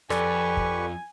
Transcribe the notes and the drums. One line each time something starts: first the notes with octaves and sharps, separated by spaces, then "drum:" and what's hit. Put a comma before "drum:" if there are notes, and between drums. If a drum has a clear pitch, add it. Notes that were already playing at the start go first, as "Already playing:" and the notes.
F2 G4 A4 B4 D5 G#5 C#6, drum: rim click
drum: kick